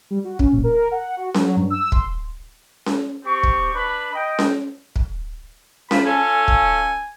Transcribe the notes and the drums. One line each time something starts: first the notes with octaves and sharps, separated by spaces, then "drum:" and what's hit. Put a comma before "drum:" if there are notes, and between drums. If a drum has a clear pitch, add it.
G3
F#4
C#4, drum: kick
A#1
A#4
F#5
F#4
F#3, drum: snare C#4
G2
E6
C6, drum: kick
drum: snare C#4
C4 G4 C#6
drum: kick
D4 B4 B5
D#5 G5
drum: snare C#4
drum: kick
C3 E3 F3 B5, drum: snare C#4
C#4 F4 A4 G#5
drum: kick